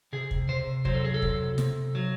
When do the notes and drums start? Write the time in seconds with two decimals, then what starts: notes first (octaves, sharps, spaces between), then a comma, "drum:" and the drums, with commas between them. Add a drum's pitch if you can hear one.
0.13 C3 G#4
0.31 drum: kick
0.49 C3 C5
0.85 F#3 C5, drum: kick
0.95 A4
1.05 G#4
1.14 A4
1.22 C3, drum: kick
1.58 C3, drum: snare
1.95 F#3